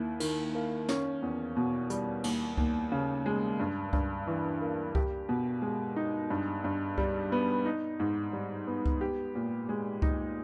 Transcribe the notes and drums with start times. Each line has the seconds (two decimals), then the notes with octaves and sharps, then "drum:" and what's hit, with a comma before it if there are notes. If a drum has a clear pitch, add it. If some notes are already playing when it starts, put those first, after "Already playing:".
Already playing: D#2 E4
0.20 D#3, drum: cymbal
0.55 A#3
0.89 C#4, drum: snare
1.22 E2
1.56 B2
1.90 G3, drum: hi-hat
2.24 D#2, drum: cymbal
2.57 D#2, drum: kick C#2
2.92 C#3
3.26 G#3
3.59 G2
3.93 G2, drum: kick C#2
4.27 E3
4.61 A#3
4.95 G4, drum: kick C#2
5.29 B2
5.62 G#3
5.96 D#4
6.30 G2
6.64 G2
6.98 G3, drum: kick C#2
7.32 B3
7.65 D#4
8.00 G#2
8.33 G3
8.67 B3
8.86 drum: kick C#2
9.01 G4
9.35 A#2
9.69 G#3
10.02 D#4, drum: kick C#2